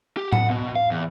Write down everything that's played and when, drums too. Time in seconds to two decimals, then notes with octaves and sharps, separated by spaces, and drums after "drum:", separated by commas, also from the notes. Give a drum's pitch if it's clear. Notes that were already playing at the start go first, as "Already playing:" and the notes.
0.17 G4
0.32 F#5, drum: tom A2
0.50 B2
0.76 F5
0.91 E2